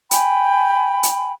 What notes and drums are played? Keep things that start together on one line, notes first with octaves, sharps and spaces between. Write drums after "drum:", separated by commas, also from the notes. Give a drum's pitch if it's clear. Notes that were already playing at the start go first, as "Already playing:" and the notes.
G5 G#5 B5, drum: hi-hat
drum: hi-hat